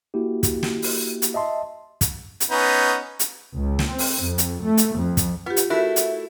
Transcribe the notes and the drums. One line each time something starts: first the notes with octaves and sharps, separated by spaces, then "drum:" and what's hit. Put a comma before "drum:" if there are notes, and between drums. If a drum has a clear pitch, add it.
A#3 E4 F#4 G4
drum: kick, hi-hat
drum: snare
drum: open hi-hat
drum: hi-hat
D#5 E5 A5 C6
drum: kick, hi-hat
drum: hi-hat
B3 C#4 D#4
drum: hi-hat
C#2
drum: snare
C4
drum: open hi-hat
F2
drum: hi-hat
A3
drum: hi-hat
F2
drum: kick, hi-hat
B3 F4 G4
drum: hi-hat
A3 E4 F#4 A#4 F#6
drum: hi-hat